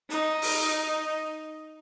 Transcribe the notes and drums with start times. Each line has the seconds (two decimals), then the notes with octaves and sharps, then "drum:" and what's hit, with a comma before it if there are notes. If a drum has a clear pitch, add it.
0.10 D#4, drum: hi-hat
0.42 drum: open hi-hat